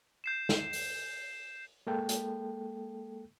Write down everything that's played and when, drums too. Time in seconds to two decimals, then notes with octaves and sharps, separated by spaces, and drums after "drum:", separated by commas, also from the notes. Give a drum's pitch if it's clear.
0.24 G6 C7 E7
0.49 drum: snare
0.73 drum: open hi-hat
1.87 G#3 A#3 A4 G5
2.09 drum: hi-hat